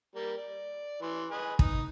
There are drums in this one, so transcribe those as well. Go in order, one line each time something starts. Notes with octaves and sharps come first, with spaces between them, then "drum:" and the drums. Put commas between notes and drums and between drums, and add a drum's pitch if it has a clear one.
G3 A#3
D5
E3 C6
G#4 B4 D#5
D#4, drum: kick